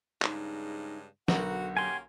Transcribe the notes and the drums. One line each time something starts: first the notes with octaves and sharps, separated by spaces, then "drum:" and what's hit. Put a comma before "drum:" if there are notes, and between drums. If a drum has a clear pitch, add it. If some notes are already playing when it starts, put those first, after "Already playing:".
G2 C#3 G#3 D#4, drum: clap
B1 D3 F#4 A#4 F#5, drum: snare
A#3 C#4 G4 G#5 C6